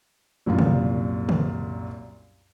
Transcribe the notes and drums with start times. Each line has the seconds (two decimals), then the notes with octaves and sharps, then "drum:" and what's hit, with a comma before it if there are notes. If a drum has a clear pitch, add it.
0.46 C2 F#2 A#2 F4
0.59 drum: tom C3
1.29 drum: tom C#3